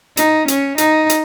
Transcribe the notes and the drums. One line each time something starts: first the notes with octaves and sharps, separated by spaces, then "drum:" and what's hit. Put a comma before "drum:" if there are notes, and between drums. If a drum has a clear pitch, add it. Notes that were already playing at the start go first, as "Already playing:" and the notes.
D#4, drum: hi-hat
C#4, drum: hi-hat
D#4, drum: hi-hat
drum: hi-hat